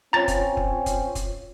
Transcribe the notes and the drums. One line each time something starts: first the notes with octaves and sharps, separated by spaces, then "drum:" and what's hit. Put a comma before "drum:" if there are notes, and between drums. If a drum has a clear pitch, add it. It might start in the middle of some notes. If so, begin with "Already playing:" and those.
C4 C#4 F4 C#5 A#5 A6
drum: kick, hi-hat
drum: kick
drum: kick, hi-hat
drum: kick, hi-hat